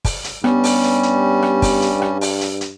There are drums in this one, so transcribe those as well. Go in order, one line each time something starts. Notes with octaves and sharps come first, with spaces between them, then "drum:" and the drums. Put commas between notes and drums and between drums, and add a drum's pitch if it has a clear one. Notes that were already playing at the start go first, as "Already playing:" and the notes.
drum: kick, open hi-hat
drum: hi-hat
G2 G3 B3 C#4, drum: rim click
drum: open hi-hat
drum: hi-hat
drum: hi-hat
drum: rim click
drum: kick, open hi-hat
drum: hi-hat
drum: rim click
drum: open hi-hat
drum: hi-hat
drum: hi-hat